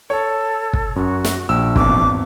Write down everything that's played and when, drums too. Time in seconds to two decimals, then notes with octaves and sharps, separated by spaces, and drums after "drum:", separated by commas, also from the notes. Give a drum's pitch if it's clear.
0.10 A4 C#5
0.73 drum: kick
0.96 F#2 F#4
1.25 drum: snare
1.49 A#1 G5 E6
1.76 G#1 E2 D6, drum: kick